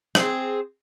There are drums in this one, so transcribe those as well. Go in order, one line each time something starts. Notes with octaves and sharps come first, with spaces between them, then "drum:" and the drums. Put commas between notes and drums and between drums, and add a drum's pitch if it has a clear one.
C4 G#4, drum: rim click